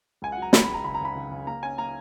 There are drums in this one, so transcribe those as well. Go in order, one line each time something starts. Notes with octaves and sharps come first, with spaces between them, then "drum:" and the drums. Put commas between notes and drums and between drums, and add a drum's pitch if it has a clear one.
C#2 G#5
F#5
F#3 A#5
C#2 B5, drum: snare
B5
C#2
A#5
C#3 B5
A#5
C#3 B5
C#3
C#3
A#3 A#5
C#4 G#5
A#3 A#5